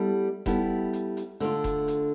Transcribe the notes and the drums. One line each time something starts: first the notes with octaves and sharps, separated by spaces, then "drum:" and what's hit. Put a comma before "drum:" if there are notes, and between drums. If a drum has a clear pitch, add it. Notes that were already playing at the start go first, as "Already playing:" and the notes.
Already playing: G3 B3 E4 A4
G3 B3 E4 A4, drum: kick E1, hi-hat
drum: hi-hat
drum: hi-hat
D3 A3 D4 F4, drum: hi-hat
drum: kick E1, hi-hat
drum: hi-hat